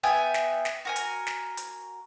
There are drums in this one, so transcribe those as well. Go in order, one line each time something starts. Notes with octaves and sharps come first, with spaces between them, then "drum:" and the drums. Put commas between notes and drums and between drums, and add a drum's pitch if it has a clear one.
B3 E5 G5 G#5
drum: snare
drum: snare
F#4 A#4 G#5
drum: hi-hat
drum: snare
drum: hi-hat